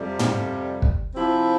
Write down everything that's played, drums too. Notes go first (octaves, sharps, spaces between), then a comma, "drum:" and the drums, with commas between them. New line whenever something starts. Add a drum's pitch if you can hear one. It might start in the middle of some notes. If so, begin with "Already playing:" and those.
Already playing: F2 C3 G3
drum: tom
drum: kick
C3 F3 C4 E4